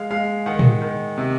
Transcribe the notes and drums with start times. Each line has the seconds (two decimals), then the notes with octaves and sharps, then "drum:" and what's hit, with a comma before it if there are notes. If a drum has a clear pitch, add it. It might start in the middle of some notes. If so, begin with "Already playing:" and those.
Already playing: G#3 F5
0.11 G#3 F5
0.46 D#3 F#5
0.59 drum: tom
0.82 D#3
1.18 C3